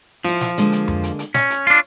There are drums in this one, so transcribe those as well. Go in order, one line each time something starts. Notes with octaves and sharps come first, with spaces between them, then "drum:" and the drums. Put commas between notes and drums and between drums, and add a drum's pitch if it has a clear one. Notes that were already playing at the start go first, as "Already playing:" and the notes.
F3 E4 F4
drum: snare
D3 G#3 A#3, drum: hi-hat
drum: hi-hat
drum: tom F2
drum: hi-hat
drum: hi-hat
C#4 C#5, drum: snare
drum: hi-hat
D4 F4, drum: hi-hat